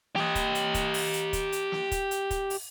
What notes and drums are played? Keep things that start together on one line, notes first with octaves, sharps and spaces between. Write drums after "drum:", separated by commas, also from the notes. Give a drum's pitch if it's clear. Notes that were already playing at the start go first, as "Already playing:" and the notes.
G4 D#5, drum: snare
drum: kick, hi-hat
drum: hi-hat
drum: kick, hi-hat
drum: open hi-hat
drum: hi-hat
drum: kick, hi-hat
drum: hi-hat
drum: snare
drum: kick, hi-hat
drum: hi-hat
drum: kick, hi-hat
drum: open hi-hat